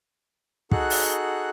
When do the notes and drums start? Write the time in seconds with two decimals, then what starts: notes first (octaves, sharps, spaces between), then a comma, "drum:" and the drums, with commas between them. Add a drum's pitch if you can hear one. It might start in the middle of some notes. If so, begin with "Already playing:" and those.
0.71 D#4 F#4 G#4 A4 F#5 F#6, drum: kick
0.90 drum: open hi-hat